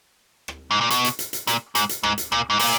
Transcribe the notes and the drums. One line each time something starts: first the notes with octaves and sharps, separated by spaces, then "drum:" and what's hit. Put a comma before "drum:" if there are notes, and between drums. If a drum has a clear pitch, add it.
drum: rim click
G#2
A#2
B2, drum: hi-hat
drum: hi-hat
drum: hi-hat
drum: hi-hat
A#2, drum: hi-hat
G#2, drum: hi-hat
drum: hi-hat
G#2, drum: rim click
drum: hi-hat
A#2, drum: rim click
G#2
A#2, drum: open hi-hat